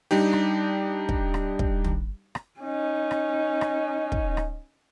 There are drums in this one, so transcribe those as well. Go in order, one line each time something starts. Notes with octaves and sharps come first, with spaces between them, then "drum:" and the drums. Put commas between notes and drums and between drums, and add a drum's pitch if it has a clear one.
G3 D4 D#4 G4
drum: rim click
drum: kick
drum: rim click
drum: kick
drum: tom
drum: rim click
C#4 D#4
drum: rim click
drum: rim click
drum: kick
drum: rim click